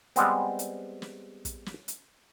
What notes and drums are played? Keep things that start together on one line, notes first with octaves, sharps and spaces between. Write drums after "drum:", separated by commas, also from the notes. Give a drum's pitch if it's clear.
G3 G#3 B3 C4, drum: hi-hat
drum: hi-hat
drum: snare
drum: kick, hi-hat
drum: snare
drum: hi-hat